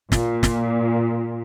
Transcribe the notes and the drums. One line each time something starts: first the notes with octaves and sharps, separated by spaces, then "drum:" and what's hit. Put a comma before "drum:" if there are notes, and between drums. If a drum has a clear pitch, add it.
A#2, drum: snare
drum: snare